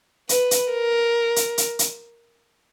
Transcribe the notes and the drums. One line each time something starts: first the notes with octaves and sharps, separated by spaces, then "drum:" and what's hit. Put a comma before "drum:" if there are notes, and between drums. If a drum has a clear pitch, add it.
B4, drum: hi-hat
drum: hi-hat
A#4
drum: hi-hat
drum: hi-hat
drum: hi-hat